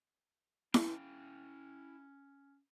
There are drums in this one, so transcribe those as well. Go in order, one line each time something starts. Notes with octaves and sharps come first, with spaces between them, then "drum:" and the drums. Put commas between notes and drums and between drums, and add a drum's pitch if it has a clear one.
C#4 E4 F5 G5, drum: snare E4